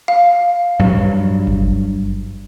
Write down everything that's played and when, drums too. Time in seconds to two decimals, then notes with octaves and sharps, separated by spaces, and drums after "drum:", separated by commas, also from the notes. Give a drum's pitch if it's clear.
0.08 F5
0.79 G2 F#3
1.47 drum: kick G1